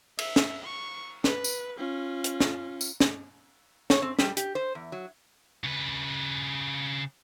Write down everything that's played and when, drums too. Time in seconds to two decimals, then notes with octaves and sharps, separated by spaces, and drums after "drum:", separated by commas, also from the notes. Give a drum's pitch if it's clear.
0.19 E5, drum: cymbal
0.36 drum: snare
0.64 C#6
1.24 B4, drum: snare
1.44 drum: tambourine
1.77 C#4 F4
2.24 drum: hi-hat
2.40 drum: snare
2.81 drum: tambourine
3.00 drum: snare
3.90 C#5, drum: snare
4.02 C4
4.19 G3, drum: snare
4.37 G4, drum: hi-hat
4.55 C5
4.75 E2
4.92 F#3
5.64 C#3 B4